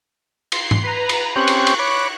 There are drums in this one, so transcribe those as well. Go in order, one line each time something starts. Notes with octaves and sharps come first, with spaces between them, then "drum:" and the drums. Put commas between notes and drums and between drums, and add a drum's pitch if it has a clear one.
C6 C7, drum: cymbal
drum: tom G#2
B4 A#5
drum: cymbal
C4 C#4 G4 C#6 F#6
drum: cymbal
drum: cymbal
C#5 B5 D6